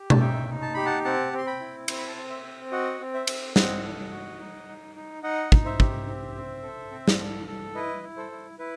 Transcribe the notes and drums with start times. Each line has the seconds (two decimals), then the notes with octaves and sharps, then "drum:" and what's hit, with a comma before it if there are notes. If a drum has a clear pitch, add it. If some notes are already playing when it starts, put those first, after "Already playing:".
Already playing: G4
0.10 A5, drum: tom B2
0.20 D#4 E5 G5
0.49 D#4
0.62 A5
0.74 G4 B5
0.86 F#5 A5
1.04 C4 F#5 A5
1.33 C4 C6
1.46 G5 B5
1.60 E4
1.88 C4 C6, drum: cymbal
1.98 B5
2.08 A5 C6
2.16 C4
2.30 C5 E5
2.44 C4
2.72 F#4 D#5 F#5
3.00 C4
3.14 C5 E5
3.27 C4, drum: cymbal
3.56 C4 D#5 F#5, drum: snare
3.84 A4
4.12 F#4
4.40 D#4
4.68 D#4
4.96 D#4
5.23 D#4 D#5 F#5
5.52 D#4, drum: kick
5.65 C5 E5
5.80 G4, drum: kick
6.07 C4
6.35 C4
6.63 A4
6.91 C4
7.08 drum: snare
7.19 A4
7.47 A4
7.75 E4 B4 D#5
8.03 E4
8.16 A4 C5
8.32 E4
8.59 E4 B4